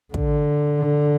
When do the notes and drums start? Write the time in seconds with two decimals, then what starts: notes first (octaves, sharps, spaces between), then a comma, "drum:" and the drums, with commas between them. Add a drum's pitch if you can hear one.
0.14 D3, drum: kick